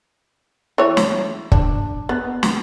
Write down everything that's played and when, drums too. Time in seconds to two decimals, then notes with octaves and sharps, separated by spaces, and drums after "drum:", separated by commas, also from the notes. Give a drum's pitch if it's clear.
0.78 E3 C#5
0.97 drum: snare
1.52 D4, drum: kick
2.09 B3
2.43 drum: snare